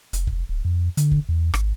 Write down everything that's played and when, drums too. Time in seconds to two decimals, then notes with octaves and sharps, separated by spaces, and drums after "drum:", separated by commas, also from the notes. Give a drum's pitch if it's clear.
0.13 F1, drum: hi-hat
0.27 drum: kick
0.49 D1
0.65 F2
0.97 D3, drum: hi-hat
1.11 drum: kick
1.29 E2
1.54 G#1, drum: rim click